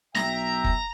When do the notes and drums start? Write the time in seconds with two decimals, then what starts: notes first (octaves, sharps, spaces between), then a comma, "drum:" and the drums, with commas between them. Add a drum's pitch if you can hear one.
0.15 B1 E5 G5 A#5 A#6, drum: snare
0.64 drum: kick